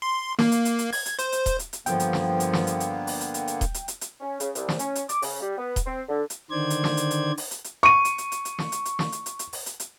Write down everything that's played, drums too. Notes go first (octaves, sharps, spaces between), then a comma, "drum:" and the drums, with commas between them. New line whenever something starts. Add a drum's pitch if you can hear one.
C6
A#3, drum: snare
drum: hi-hat
drum: hi-hat
drum: hi-hat
G#6, drum: open hi-hat
drum: hi-hat
C5, drum: hi-hat
drum: hi-hat
drum: kick D#1, hi-hat
drum: hi-hat
drum: hi-hat
G2 D3 F3 A#3 B3 G5, drum: hi-hat
drum: hi-hat
drum: snare
drum: hi-hat
drum: snare
drum: hi-hat
drum: hi-hat
drum: open hi-hat
drum: hi-hat
drum: hi-hat
drum: hi-hat
drum: kick D#1, hi-hat
drum: hi-hat
drum: hi-hat
drum: hi-hat
C#4
C#3, drum: hi-hat
C2, drum: hi-hat
drum: snare
C#4, drum: hi-hat
drum: hi-hat
D6, drum: hi-hat
C#3, drum: open hi-hat
G3
B3
drum: kick D#1, hi-hat
C4
D3
drum: hi-hat
D3 D#3 C5 D5 G#6
drum: hi-hat
drum: snare
drum: hi-hat
drum: hi-hat
drum: open hi-hat
drum: hi-hat
drum: hi-hat
C#6 D#7
drum: hi-hat
drum: hi-hat
drum: hi-hat
drum: hi-hat
drum: snare
drum: hi-hat
drum: hi-hat
drum: snare
drum: hi-hat
drum: hi-hat
drum: hi-hat
drum: open hi-hat
drum: hi-hat
drum: hi-hat